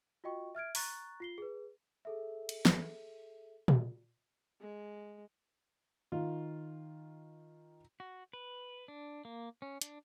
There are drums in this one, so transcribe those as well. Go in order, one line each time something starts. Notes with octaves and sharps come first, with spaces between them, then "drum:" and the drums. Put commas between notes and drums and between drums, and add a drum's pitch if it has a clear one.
F4 F#4 D#5 G5 C#6
E5 F6 G#6 D7
A#5 C#6 F#6 A6, drum: open hi-hat
F4 C7 G7
G#4 B4
G#4 A4 E5
drum: cymbal
drum: snare
drum: tom A#2
G#3
D#3 F4
F#4
B4
D4
A#3
C#4
D4, drum: hi-hat